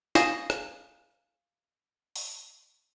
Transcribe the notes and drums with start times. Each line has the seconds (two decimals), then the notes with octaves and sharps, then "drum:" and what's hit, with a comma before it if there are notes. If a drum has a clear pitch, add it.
0.15 F5 G#5 D#6 A#6 E7, drum: snare
0.50 drum: rim click
2.16 drum: open hi-hat